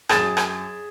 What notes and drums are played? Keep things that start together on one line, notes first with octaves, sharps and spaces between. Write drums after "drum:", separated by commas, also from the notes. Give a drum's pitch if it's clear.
F#2 G#4 A6 E7, drum: rim click
drum: rim click